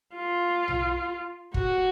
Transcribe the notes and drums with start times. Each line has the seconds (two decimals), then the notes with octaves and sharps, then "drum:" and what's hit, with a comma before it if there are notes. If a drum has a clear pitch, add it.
0.15 F4
0.68 drum: tom B1
1.54 F#4, drum: kick